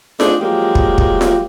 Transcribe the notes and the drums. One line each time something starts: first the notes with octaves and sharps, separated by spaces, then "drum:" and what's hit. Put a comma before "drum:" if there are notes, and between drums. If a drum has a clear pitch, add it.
A3 C4 D4 D#4 G#4, drum: snare F4
F3 F#3 G#3 A#3 G4
drum: kick
drum: kick
drum: snare F4